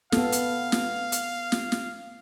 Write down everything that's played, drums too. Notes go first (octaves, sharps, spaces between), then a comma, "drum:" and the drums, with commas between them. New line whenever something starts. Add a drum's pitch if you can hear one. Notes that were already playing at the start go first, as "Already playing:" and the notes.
B3 A4 F5, drum: snare
drum: hi-hat
drum: snare
drum: hi-hat
drum: snare
drum: snare